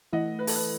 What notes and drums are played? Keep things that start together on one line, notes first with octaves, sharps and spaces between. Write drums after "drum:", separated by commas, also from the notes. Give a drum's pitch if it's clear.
E3 A3 E4 D#5 F#5
B4
A4, drum: open hi-hat
B4